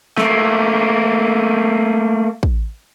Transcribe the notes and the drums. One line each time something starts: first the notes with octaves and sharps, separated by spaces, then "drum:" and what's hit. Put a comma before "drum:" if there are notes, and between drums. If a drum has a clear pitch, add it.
A3 A#3, drum: snare
drum: kick